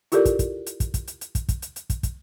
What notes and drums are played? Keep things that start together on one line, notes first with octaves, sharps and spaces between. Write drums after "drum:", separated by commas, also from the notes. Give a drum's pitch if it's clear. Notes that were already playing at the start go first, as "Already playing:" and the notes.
E4 F4 G4 A4 A#4 D5, drum: hi-hat
drum: kick, hi-hat
drum: kick, hi-hat
drum: hi-hat
drum: kick, hi-hat
drum: kick, hi-hat
drum: hi-hat
drum: hi-hat
drum: kick, hi-hat
drum: kick, hi-hat
drum: hi-hat
drum: hi-hat
drum: kick, hi-hat
drum: kick, hi-hat